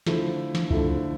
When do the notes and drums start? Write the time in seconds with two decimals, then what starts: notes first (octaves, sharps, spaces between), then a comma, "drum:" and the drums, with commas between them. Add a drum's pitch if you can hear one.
0.07 D3 F3 A3 E4, drum: snare
0.55 drum: snare
0.71 D3 F3 A3 E4, drum: kick